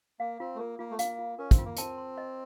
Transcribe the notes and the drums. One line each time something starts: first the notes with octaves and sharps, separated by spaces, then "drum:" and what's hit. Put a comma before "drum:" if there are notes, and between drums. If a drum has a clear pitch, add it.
A#3 F5
C4 F4
A3
A#3 A#4
A#3 F4
A3
A#3 F5, drum: hi-hat
F4
C#4 A#4
C4, drum: kick, hi-hat
F4
A#3
C4 A5, drum: hi-hat
C6
D#5